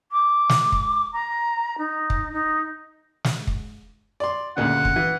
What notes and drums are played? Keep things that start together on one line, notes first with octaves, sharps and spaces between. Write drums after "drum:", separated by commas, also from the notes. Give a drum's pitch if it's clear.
D6
drum: snare
drum: kick
A#5
D#4
drum: kick
D#4
drum: snare
drum: kick
D5 C6
D2 A#2 C#3 F#5
drum: kick
E3